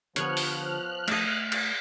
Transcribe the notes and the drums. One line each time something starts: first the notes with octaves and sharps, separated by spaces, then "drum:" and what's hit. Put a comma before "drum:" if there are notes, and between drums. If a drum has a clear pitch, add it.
D3 F3 B3 G4 C#5 A5 F6 F#6, drum: hi-hat
drum: open hi-hat
A3 D#5 E5, drum: cymbal
drum: cymbal